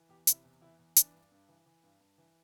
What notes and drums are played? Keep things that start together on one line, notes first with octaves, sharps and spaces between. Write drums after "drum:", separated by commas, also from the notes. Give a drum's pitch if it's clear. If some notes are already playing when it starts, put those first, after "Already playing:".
Already playing: E3
E2 G4
C3 E4, drum: hi-hat
E2
E3 E4
E2
E3 D4, drum: hi-hat
G2
G2
E3
E3
G2
G2
E3